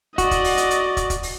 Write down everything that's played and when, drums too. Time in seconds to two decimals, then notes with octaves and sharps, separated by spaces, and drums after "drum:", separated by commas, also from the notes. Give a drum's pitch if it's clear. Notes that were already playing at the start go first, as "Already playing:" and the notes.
0.18 F#4 D5 D#5, drum: kick, hi-hat
0.31 drum: kick, hi-hat
0.44 drum: open hi-hat
0.57 drum: hi-hat
0.71 drum: hi-hat
0.97 drum: kick, hi-hat
1.10 drum: kick, hi-hat
1.23 drum: open hi-hat